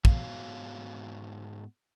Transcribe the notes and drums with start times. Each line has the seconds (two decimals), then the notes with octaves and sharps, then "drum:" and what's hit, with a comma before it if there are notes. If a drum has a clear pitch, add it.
0.05 G#2 B3 F#4 C#5 F5, drum: kick